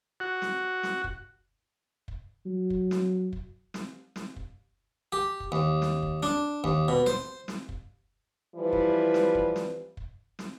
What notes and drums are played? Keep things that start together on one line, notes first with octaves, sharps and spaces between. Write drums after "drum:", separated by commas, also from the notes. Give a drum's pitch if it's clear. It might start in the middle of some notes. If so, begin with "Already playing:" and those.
F#4
drum: snare
drum: snare
drum: kick
drum: kick
F#3
drum: kick
drum: snare
drum: kick
drum: snare
drum: snare
drum: kick
G4
drum: kick
D#2
drum: snare
drum: kick
D4, drum: snare
D#2, drum: kick
B2
C5, drum: snare
drum: snare
drum: kick
E3 F3 G3 E4 B4
drum: kick
drum: snare
drum: kick
drum: snare
drum: kick
drum: snare